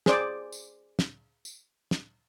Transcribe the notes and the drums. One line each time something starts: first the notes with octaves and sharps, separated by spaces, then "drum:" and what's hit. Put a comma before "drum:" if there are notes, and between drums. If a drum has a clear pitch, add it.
G#4 C5 D5 D6, drum: snare
drum: tambourine
drum: snare
drum: tambourine
drum: snare